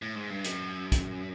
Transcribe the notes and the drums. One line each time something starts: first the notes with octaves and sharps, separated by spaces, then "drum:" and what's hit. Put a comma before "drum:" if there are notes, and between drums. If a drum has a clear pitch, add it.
A2
G#2
G2
F#2, drum: hi-hat
drum: kick, hi-hat